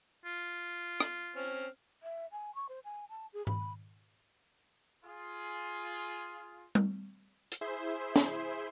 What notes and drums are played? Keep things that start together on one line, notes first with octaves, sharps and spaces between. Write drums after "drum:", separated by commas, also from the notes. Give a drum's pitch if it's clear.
F4
drum: rim click
C4 C#4 F6
E5
G#5
C#6
C5
G#5
A5
G#4
B5, drum: tom G#2
F4 G#4
drum: tom G3
drum: hi-hat
E4 G#4 C5 E5 C6
drum: snare